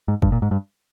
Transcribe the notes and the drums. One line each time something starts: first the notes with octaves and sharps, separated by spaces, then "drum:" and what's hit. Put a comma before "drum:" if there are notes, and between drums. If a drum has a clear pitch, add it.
G#2
G2, drum: kick F#1
A#2
G#2
G2